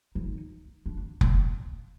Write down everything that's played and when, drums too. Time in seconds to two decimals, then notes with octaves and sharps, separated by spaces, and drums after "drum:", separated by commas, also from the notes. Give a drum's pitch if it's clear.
0.15 D#4
0.86 D4
1.21 A#3, drum: kick F1